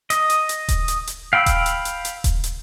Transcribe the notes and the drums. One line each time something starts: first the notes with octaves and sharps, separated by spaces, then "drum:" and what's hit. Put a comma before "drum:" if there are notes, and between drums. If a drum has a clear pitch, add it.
D#5, drum: hi-hat
drum: hi-hat
drum: hi-hat
drum: kick D#1, hi-hat
drum: hi-hat
drum: hi-hat
F5 G5 B5 E6
drum: kick D#1, hi-hat
drum: hi-hat
drum: hi-hat
drum: hi-hat
drum: kick D#1, hi-hat
drum: hi-hat